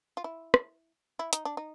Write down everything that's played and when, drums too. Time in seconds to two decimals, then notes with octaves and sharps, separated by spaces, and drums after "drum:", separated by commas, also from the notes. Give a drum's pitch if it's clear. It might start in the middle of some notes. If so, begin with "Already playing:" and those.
0.17 F4
0.24 E4
0.54 drum: rim click
1.19 E4
1.33 D#4, drum: hi-hat
1.45 D4
1.57 D#4